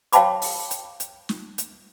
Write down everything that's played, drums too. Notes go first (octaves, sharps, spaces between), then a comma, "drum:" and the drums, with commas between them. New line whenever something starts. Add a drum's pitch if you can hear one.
C#5 F5 G5 A5 B5 D6, drum: hi-hat
drum: open hi-hat
drum: hi-hat
drum: hi-hat
drum: snare
drum: hi-hat